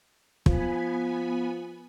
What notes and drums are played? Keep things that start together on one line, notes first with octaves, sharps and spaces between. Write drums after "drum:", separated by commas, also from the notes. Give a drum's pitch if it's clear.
F3 B3 G#5 B5, drum: kick